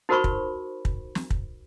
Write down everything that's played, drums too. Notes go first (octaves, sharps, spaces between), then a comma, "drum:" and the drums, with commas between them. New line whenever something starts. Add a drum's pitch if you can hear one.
D#4 F#4 A#4 C5 B5 C#6
drum: kick
drum: kick
drum: snare
drum: kick